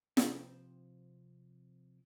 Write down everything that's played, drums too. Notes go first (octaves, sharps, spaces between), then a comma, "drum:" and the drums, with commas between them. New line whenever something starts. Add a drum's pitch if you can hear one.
C3 F3 C5 G5 B5, drum: snare